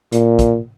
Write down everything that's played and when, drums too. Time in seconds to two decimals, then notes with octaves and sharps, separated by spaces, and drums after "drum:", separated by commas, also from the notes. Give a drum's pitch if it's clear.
0.12 A#2, drum: hi-hat
0.39 drum: kick, hi-hat